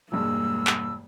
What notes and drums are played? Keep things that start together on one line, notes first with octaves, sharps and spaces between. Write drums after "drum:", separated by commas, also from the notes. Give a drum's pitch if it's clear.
E1 G2 G#3 A#3 E6
drum: clap